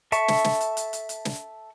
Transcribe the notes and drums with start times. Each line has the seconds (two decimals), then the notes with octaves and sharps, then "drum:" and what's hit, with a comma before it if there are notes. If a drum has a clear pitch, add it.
0.12 A4 E5 A5 C#6, drum: hi-hat
0.28 drum: snare
0.44 drum: snare
0.61 drum: hi-hat
0.77 drum: hi-hat
0.93 drum: hi-hat
1.09 drum: hi-hat
1.25 drum: snare